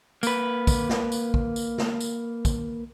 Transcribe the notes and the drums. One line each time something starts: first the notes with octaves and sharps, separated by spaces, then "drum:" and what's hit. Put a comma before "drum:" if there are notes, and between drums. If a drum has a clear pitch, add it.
A#3 B4, drum: tambourine
drum: kick, tambourine
drum: snare
drum: tambourine
drum: kick
drum: tambourine
drum: snare
drum: tambourine
drum: kick, tambourine